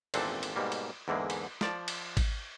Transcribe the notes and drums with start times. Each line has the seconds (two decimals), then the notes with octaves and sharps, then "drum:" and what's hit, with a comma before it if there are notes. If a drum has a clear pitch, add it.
0.14 G#1 E2 A#2 C4 D4 A4, drum: cymbal
0.43 drum: cymbal
0.56 G#2 B2 G3 A#3
0.72 drum: cymbal
1.08 E2 G#2 D3 E3 G#3 A#3
1.30 drum: cymbal
1.61 F3 D5 A5, drum: snare
1.88 drum: cymbal
2.17 drum: kick G#1, cymbal